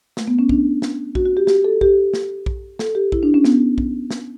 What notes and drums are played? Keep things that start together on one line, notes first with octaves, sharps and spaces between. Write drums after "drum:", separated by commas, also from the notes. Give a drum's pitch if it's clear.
A3, drum: snare
B3
C#4
D4, drum: kick A#1
drum: snare
F#4, drum: kick A#1
F#4
G4
G4, drum: snare
A4
G4, drum: kick A#1
drum: snare
drum: kick A#1
A4, drum: snare
G4
E4, drum: kick A#1
D4
C#4
B3, drum: snare
drum: kick A#1
drum: snare